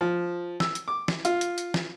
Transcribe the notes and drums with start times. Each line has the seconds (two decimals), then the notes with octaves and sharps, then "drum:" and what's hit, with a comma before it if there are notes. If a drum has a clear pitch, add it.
0.01 F3
0.60 E6, drum: snare
0.75 drum: hi-hat
0.88 D6
1.08 drum: snare
1.25 F4, drum: hi-hat
1.41 drum: hi-hat
1.58 drum: hi-hat
1.74 drum: snare